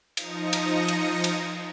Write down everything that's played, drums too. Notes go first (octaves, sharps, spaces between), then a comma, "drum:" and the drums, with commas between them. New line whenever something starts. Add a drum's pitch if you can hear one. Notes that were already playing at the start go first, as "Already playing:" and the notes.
F3 D#4 D#6 A#6 C#7, drum: cymbal
drum: cymbal
drum: cymbal
drum: cymbal